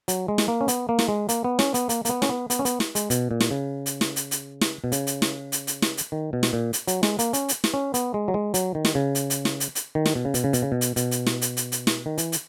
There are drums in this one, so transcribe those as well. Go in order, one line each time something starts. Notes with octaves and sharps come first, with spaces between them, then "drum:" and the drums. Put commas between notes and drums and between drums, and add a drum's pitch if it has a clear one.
F#3, drum: hi-hat
G#3
drum: snare
A#3
C#4
B3, drum: hi-hat
A#3
drum: snare
G#3
A#3, drum: hi-hat
B3
C#4, drum: snare
B3, drum: hi-hat
A#3, drum: hi-hat
A#3, drum: hi-hat
B3
C#4, drum: snare
B3
B3, drum: hi-hat
C#4
B3, drum: hi-hat
drum: snare
G#3, drum: hi-hat
B2, drum: hi-hat
A#2
drum: snare
C#3
drum: hi-hat
drum: snare
drum: hi-hat
drum: hi-hat
drum: snare
B2
C#3, drum: hi-hat
drum: hi-hat
drum: snare
drum: hi-hat
drum: hi-hat
drum: snare
drum: hi-hat
D#3
B2
drum: snare
A#2
drum: hi-hat
F#3, drum: hi-hat
G#3, drum: snare
A#3, drum: hi-hat
C#4, drum: hi-hat
drum: hi-hat
drum: snare
C#4
B3, drum: hi-hat
G#3
F#3
G#3
F#3, drum: hi-hat
D#3
drum: snare
C#3
drum: hi-hat
drum: hi-hat
drum: snare
drum: hi-hat
drum: hi-hat
D#3
drum: snare
B2
C#3
B2, drum: hi-hat
C#3
B2, drum: hi-hat
C#3
B2
drum: hi-hat
B2, drum: hi-hat
drum: hi-hat
drum: snare
drum: hi-hat
drum: hi-hat
drum: hi-hat
drum: snare
D#3
E3, drum: hi-hat
drum: hi-hat